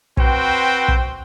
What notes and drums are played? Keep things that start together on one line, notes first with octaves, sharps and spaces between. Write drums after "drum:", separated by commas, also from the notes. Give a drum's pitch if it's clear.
C4 F#4 B4 C5 G5, drum: kick
drum: kick